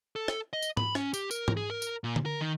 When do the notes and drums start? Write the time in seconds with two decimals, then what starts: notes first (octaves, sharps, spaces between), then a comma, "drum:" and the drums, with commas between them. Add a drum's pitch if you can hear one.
0.16 A4
0.28 drum: rim click
0.53 D#5
0.62 drum: tambourine
0.77 B5, drum: tom G#2
0.95 C#4, drum: rim click
1.14 G4, drum: tambourine
1.31 A#4, drum: tambourine
1.48 drum: tom G#2
1.57 G#4
1.70 A#4
1.82 drum: tambourine
2.04 A#2
2.16 drum: tom D3
2.26 A#4
2.41 D#3